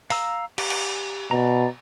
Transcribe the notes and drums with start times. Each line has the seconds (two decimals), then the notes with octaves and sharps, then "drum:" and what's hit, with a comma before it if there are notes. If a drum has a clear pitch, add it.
0.10 F5 A#5 E6, drum: open hi-hat
0.58 G4, drum: cymbal
0.70 drum: cymbal
1.31 B2 D5 A#5